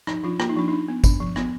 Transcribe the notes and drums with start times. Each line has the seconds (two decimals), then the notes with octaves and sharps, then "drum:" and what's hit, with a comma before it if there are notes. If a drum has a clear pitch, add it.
0.07 F3 D#4, drum: rim click
0.23 F3 D4 F4
0.40 A#3 F4, drum: rim click
0.49 D#4
0.56 F3 D4
0.68 D4 D#4
0.88 B3
1.04 D4, drum: kick G#1, tambourine
1.20 F3
1.36 B3, drum: rim click